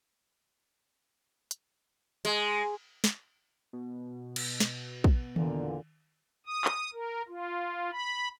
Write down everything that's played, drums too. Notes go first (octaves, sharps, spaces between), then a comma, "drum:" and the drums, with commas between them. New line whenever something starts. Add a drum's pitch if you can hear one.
drum: hi-hat
G#3, drum: cymbal
drum: snare
B2
drum: cymbal
drum: snare
drum: kick
E2 A#2 D3, drum: tom D#3
D#6
drum: clap
A#4
F4
B5